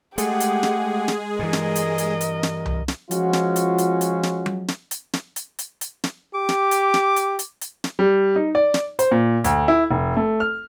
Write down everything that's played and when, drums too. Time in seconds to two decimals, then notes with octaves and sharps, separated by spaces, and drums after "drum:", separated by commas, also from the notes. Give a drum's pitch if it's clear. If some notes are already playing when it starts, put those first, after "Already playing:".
0.18 G#3 A3 G4 G#4 F#5, drum: hi-hat
0.40 drum: hi-hat
0.63 drum: snare
1.08 drum: snare
1.39 G2 E3 A#4 D#5
1.53 drum: snare
1.75 drum: hi-hat
1.98 drum: hi-hat
2.21 drum: hi-hat
2.43 drum: snare
2.66 drum: tom C2
2.88 drum: snare
3.11 F3 G#3 C#4 F4 F#4, drum: hi-hat
3.33 drum: snare
3.56 drum: hi-hat
3.78 drum: hi-hat
4.01 drum: hi-hat
4.23 drum: snare
4.46 drum: tom F#3
4.68 drum: snare
4.91 drum: hi-hat
5.13 drum: snare
5.36 drum: hi-hat
5.59 drum: hi-hat
5.81 drum: hi-hat
6.04 drum: snare
6.35 G4 D6
6.49 drum: snare
6.71 drum: hi-hat
6.94 drum: snare
7.16 drum: hi-hat
7.39 drum: hi-hat
7.61 drum: hi-hat
7.84 drum: snare
7.99 G3
8.36 D#4
8.55 D5
8.74 drum: snare
8.99 C5, drum: hi-hat
9.11 A#2
9.44 D2, drum: hi-hat
9.68 E4
9.91 F1
10.17 A3
10.40 F6